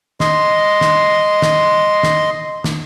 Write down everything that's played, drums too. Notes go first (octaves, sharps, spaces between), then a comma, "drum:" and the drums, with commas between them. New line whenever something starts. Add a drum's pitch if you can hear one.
D#5 C6, drum: snare
drum: snare
drum: snare
drum: snare
drum: snare